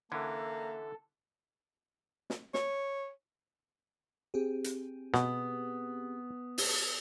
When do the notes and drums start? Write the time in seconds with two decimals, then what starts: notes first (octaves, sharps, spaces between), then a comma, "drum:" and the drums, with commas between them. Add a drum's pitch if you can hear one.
0.12 D3 E3 A#3 C#4 A4 E5
2.30 drum: snare
2.54 C#5, drum: snare
4.34 C4 G4 G#4
4.64 drum: hi-hat
5.14 B2 B3 D#6, drum: snare
6.58 drum: open hi-hat